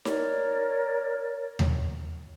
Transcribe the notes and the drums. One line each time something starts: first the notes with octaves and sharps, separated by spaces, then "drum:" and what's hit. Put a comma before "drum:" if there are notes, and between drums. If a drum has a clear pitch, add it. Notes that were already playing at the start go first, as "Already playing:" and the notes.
A#4 C#5 D5, drum: snare D#4
drum: tom D#2